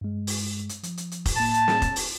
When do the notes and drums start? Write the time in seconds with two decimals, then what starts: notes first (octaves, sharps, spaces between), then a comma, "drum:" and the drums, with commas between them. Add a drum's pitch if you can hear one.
0.01 G2 G#3
0.27 drum: open hi-hat
0.69 drum: hi-hat
0.83 F3, drum: hi-hat
0.97 drum: hi-hat
1.11 drum: hi-hat
1.26 drum: kick, open hi-hat
1.37 A2 A#3 A5
1.54 drum: hi-hat
1.68 drum: snare
1.82 drum: kick, hi-hat
1.96 drum: open hi-hat